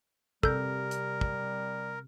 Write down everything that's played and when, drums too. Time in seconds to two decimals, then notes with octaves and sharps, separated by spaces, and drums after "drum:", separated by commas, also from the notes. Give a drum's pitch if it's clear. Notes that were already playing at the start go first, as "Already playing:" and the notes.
0.43 C3 G3 A4 A#4 G6, drum: kick
0.91 drum: hi-hat
1.21 drum: kick